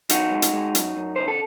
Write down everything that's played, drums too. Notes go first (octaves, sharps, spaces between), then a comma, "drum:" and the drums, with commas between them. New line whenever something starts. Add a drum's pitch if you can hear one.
F#2 D#4 F#4, drum: hi-hat
G#3
drum: hi-hat
G#3
F#2, drum: hi-hat
F#2
C#3 C5
A4